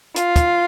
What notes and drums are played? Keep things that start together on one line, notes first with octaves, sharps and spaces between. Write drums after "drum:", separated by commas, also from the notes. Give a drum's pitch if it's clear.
F4, drum: hi-hat
drum: kick, hi-hat